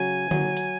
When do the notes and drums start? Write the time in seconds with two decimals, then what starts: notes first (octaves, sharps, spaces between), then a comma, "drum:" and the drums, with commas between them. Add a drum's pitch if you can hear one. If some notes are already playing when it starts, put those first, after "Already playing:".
Already playing: C#3 F#3 G#5
0.31 F#3, drum: tom D3
0.57 drum: hi-hat